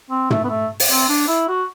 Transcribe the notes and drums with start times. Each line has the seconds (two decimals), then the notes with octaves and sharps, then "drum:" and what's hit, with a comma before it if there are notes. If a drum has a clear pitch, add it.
0.10 C4
0.30 A3, drum: tom
0.44 B3
0.49 A3
0.80 drum: open hi-hat
0.89 C4
1.09 D4
1.28 E4
1.48 F#4